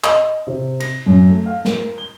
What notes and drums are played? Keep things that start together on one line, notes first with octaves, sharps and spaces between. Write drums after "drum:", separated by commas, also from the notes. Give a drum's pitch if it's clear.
D#5, drum: clap
C3
A#6, drum: cymbal
F#2
A3
F5
A#4, drum: snare
G7